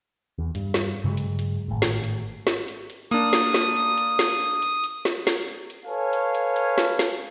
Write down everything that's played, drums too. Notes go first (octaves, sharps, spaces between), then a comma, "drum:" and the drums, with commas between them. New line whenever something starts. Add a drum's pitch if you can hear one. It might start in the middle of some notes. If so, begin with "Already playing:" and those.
E2
G2, drum: hi-hat
drum: snare
G2 C#3 F#3 G#3
drum: hi-hat
drum: hi-hat
G#1 A2
drum: snare
drum: hi-hat
drum: snare
drum: hi-hat
drum: hi-hat
A#3 D4 D#6, drum: hi-hat
drum: snare
drum: snare
drum: hi-hat
drum: hi-hat
drum: snare
drum: hi-hat
drum: hi-hat
drum: hi-hat
drum: snare
drum: snare
drum: hi-hat
drum: hi-hat
A4 B4 C#5 F5 G#5
drum: hi-hat
drum: hi-hat
drum: hi-hat
drum: snare
drum: snare